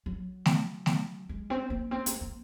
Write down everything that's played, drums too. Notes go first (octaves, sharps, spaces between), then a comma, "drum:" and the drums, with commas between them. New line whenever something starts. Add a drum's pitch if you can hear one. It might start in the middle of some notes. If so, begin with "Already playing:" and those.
F#3
drum: snare A3
drum: snare A3
G#3
C4
A#3
C4
A#3, drum: hi-hat
A#3